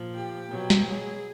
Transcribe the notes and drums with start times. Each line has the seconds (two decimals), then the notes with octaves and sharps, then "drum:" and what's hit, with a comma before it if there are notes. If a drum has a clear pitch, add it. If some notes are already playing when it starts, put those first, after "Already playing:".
Already playing: A#2 F3
0.14 G4
0.50 B2 F#3
0.70 drum: snare
0.87 G#4